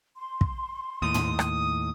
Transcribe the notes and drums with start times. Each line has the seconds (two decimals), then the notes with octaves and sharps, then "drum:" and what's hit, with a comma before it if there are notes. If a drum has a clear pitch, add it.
0.16 C6
0.41 drum: kick
1.02 D#2 A2 D#6
1.14 drum: tom
1.39 drum: rim click